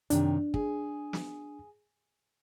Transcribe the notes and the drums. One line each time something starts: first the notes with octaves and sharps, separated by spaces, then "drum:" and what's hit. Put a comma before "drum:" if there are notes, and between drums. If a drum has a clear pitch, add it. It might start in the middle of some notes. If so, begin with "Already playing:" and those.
F#2 C3 D#3 D4, drum: hi-hat
G#4, drum: kick
drum: snare